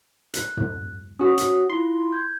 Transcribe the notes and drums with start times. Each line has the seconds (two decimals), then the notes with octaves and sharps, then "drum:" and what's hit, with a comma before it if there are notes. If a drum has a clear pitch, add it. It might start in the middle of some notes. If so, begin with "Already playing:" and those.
0.34 F#6, drum: hi-hat
0.57 drum: tom
1.19 C#4 F#4 D#6
1.38 drum: hi-hat
1.70 E4 F4 C6
2.12 G6 G#6